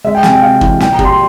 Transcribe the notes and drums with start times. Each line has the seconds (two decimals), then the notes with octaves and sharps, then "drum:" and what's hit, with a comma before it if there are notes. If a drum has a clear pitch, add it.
0.04 G#3 E5
0.15 G5
0.23 C3 G#5, drum: snare
0.33 G5
0.42 C3 F5
0.61 E3, drum: kick
0.80 A#2 G5, drum: snare
0.93 A#5
0.99 G3, drum: kick
1.05 C6